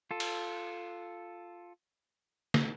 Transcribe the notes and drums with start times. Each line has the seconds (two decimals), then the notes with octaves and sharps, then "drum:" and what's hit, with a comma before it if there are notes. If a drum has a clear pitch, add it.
0.11 F4 A4
0.20 drum: cymbal
2.54 drum: snare